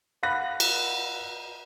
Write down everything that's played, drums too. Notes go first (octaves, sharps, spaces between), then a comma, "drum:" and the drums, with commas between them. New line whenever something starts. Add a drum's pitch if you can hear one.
F5 F#5 B5 F#6 A#6
drum: cymbal